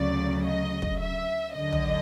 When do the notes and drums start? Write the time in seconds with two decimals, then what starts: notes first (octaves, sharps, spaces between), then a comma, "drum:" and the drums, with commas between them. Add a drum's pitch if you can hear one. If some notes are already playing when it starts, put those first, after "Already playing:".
Already playing: D2 C#3 F#3 D5
0.45 D#5
0.82 drum: kick
1.00 E5
1.54 D#2 D3 F#3 D#5
1.73 drum: tom